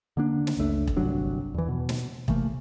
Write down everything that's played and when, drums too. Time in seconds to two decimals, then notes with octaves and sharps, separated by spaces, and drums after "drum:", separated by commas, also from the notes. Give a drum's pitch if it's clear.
0.17 D3 A#3 D4
0.47 drum: snare
0.57 F#1 C#2 A3 D4
0.88 drum: kick E1
0.97 G1 C2 F#3 D4
1.54 E2 E3
1.69 B2
1.89 drum: snare
2.28 C3 E3 A3 A#3, drum: kick E1